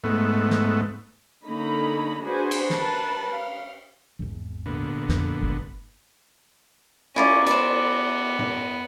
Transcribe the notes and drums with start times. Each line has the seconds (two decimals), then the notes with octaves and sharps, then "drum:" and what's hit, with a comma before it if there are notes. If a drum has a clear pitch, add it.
0.04 G#2 A3 B3
0.50 drum: snare
1.46 D3 A#3 C#4 D#4 A#5 B5
2.22 D4 F#4 G#4 B4 C5 G#5
2.51 drum: cymbal
2.70 A#4 B4 A5, drum: snare
3.33 F5
4.19 G#1 E2
4.66 A#2 D3 B3
5.09 F2, drum: snare
5.41 G1 F#2
7.16 C#4 E4 F4 D5, drum: cymbal
7.46 B3 C5 D5, drum: hi-hat
8.39 drum: tom